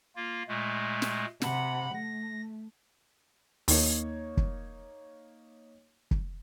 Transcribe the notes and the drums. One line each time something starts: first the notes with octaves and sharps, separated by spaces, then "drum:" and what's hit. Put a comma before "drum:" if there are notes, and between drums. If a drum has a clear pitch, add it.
A#3 F4
A#2 G#3 A3
drum: snare
C3 F#5 B5, drum: snare
A3 A#6
D#2 A#3 D#4 C#5, drum: open hi-hat
drum: kick
drum: kick